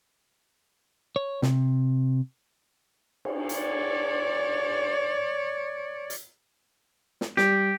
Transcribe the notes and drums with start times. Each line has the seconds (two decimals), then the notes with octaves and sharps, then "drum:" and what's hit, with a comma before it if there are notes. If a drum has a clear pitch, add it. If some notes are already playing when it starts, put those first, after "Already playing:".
1.16 C#5
1.42 C3, drum: snare
3.25 drum: cymbal
3.49 C#5 D5, drum: hi-hat
6.10 drum: hi-hat
7.21 drum: snare
7.37 G3 G4, drum: snare